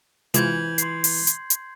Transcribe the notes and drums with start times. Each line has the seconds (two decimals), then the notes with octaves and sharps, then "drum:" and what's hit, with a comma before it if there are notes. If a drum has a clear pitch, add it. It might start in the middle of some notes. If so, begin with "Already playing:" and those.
0.34 C3 E3 G#3 F4 G6 G#6 F#7, drum: hi-hat
0.78 C6 C7, drum: hi-hat
1.04 drum: open hi-hat
1.27 drum: hi-hat
1.50 drum: hi-hat